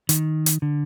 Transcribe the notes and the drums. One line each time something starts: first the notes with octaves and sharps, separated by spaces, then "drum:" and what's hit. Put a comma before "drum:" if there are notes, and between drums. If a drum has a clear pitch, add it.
D#3, drum: hi-hat
drum: hi-hat
D3